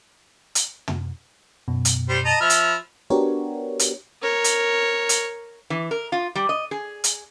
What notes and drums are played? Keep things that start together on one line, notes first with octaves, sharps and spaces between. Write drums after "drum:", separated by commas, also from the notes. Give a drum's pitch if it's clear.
drum: hi-hat
drum: tom
F#2 B2
drum: hi-hat
G3 C5
D#5 A5 A#5
F3 E5 B5 F6
drum: hi-hat
B3 D4 F#4 G4 A#4 C#5
drum: hi-hat
A#4 C#5
drum: hi-hat
drum: hi-hat
E3
A#4
F4
G3
D#5
G#4
drum: hi-hat